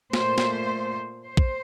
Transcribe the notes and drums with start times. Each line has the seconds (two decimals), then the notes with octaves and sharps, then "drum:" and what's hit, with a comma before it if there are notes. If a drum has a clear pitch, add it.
0.13 A#2 A3 C5, drum: snare
0.38 drum: snare
1.27 C5
1.37 drum: kick